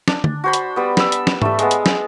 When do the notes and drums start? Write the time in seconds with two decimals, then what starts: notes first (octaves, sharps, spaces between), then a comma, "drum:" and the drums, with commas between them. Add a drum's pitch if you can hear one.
0.08 D4, drum: snare
0.24 drum: tom
0.44 F#4 C5 B5
0.53 drum: hi-hat
0.76 G3 B3
0.97 B5 E6, drum: snare
1.12 drum: hi-hat
1.27 drum: snare
1.42 G3 A3, drum: tom G#2
1.59 G#3 B3, drum: hi-hat
1.71 drum: hi-hat
1.86 drum: snare